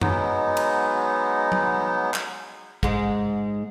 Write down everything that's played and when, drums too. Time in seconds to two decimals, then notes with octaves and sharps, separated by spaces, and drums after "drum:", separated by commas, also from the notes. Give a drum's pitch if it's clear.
0.01 F#3 G#3 B3 D#4, drum: tom F#2
0.57 drum: cymbal
1.52 drum: tom F#3
2.14 drum: clap
2.83 G#2 G#3, drum: kick